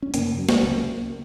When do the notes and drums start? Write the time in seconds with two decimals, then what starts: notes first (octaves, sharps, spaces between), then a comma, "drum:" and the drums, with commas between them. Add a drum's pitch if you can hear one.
0.03 C#4
0.14 F#2 C#3 A#3, drum: hi-hat
0.38 F#3
0.49 drum: snare
0.63 C#2 C#3 A#3